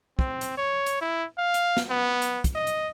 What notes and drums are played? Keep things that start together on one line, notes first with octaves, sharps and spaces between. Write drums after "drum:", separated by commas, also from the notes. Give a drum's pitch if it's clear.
C4, drum: kick
drum: hi-hat
C#5
drum: hi-hat
E4
F5
drum: hi-hat
drum: snare
B3
drum: hi-hat
drum: kick, hi-hat
D#5
drum: hi-hat